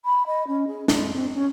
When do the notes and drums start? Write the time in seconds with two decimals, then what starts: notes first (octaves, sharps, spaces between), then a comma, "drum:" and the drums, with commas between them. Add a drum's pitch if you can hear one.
0.04 B5
0.26 D#5
0.47 C#4
0.67 G#4
0.88 G#3, drum: snare
1.13 C4
1.34 C#4